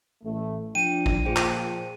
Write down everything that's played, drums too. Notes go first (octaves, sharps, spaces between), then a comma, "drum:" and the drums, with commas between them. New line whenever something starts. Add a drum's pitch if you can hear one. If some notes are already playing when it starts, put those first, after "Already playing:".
A1 A3
F3 D4 G5 D#7
drum: kick A1
A#2 F3 G#4 C5 G5
drum: clap